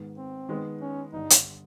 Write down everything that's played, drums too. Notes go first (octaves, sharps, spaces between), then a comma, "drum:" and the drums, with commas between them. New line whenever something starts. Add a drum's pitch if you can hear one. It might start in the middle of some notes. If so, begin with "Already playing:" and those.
Already playing: G#2 D#3 G#3 B3
C4
D#3 G#3 B3
C#4
G1 G2 D3 D#4
drum: hi-hat